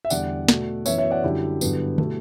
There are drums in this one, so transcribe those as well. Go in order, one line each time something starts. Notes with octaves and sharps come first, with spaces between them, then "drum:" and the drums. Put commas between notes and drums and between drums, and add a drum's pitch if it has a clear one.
E5
E2 D3 G3 D5 F#5, drum: tambourine
B2 A3, drum: snare
F#2 E3 B3 C#5 E5, drum: tambourine
C#5 E5
D5 F#5
F#2 D3 G3 E4 G4
G2 D3 F#3 B3, drum: tambourine
B2 A3, drum: tom